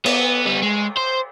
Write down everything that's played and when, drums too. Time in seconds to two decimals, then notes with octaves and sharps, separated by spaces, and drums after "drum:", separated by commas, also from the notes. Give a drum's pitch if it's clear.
0.06 B3, drum: cymbal
0.46 G3 B3
0.63 G#3
0.97 C5